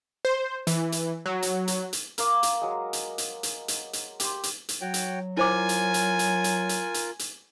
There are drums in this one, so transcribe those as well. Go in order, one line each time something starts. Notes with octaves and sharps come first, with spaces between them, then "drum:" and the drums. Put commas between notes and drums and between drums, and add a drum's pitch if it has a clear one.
C5
E3, drum: hi-hat
drum: hi-hat
F#3
drum: hi-hat
drum: hi-hat
drum: hi-hat
A#4 F5 D6, drum: hi-hat
drum: hi-hat
F#3 G#3
drum: hi-hat
drum: hi-hat
drum: hi-hat
drum: hi-hat
drum: hi-hat
G4 C6, drum: hi-hat
drum: hi-hat
drum: hi-hat
F#3 F#4 C#5 G5
drum: hi-hat
E4 F4 A#4 C5 G#5 D6
drum: hi-hat
drum: hi-hat
drum: hi-hat
drum: hi-hat
drum: hi-hat
drum: hi-hat
drum: hi-hat